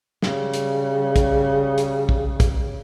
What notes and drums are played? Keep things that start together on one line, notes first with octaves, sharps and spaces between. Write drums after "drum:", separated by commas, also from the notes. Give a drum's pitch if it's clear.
C#3 G3, drum: snare
drum: hi-hat
drum: kick, hi-hat
drum: hi-hat
drum: kick
drum: kick, hi-hat